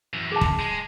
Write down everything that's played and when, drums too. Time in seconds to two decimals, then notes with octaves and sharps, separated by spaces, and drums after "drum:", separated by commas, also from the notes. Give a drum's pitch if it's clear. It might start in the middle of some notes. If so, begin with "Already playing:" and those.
0.14 F#2 E3
0.32 G#4 A5
0.41 drum: kick
0.59 G#3